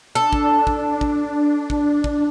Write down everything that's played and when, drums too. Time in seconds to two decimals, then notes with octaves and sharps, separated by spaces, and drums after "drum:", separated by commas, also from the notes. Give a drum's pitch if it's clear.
0.15 D4 A4
0.33 drum: kick
0.67 drum: kick
1.01 drum: kick
1.70 drum: kick
2.04 drum: kick